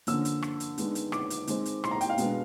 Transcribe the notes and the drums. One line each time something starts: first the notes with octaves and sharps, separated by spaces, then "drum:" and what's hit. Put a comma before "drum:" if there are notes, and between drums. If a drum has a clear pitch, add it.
D3 F3 A#3 C#4 E6, drum: hi-hat
drum: hi-hat
drum: rim click
drum: hi-hat
D#3 G#3 B3 D4, drum: hi-hat
drum: hi-hat
D6, drum: rim click
drum: hi-hat
D#3 G#3 C4, drum: hi-hat
drum: hi-hat
C6, drum: rim click
A#5
G5, drum: hi-hat
F5
B2 G#3 B3 D4, drum: hi-hat